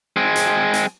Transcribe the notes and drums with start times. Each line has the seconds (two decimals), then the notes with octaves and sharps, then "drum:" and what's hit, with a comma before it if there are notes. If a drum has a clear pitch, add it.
0.17 G#3 C4
0.36 drum: hi-hat
0.73 drum: hi-hat